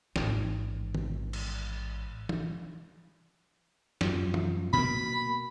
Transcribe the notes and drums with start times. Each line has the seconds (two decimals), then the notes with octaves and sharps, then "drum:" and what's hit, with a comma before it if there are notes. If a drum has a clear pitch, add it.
0.16 A1 G#2, drum: snare
0.95 drum: tom D#3
1.33 drum: cymbal
2.29 drum: tom E3
4.01 F#2 F3, drum: snare
4.34 drum: tom E3
4.73 B2 A#3 B5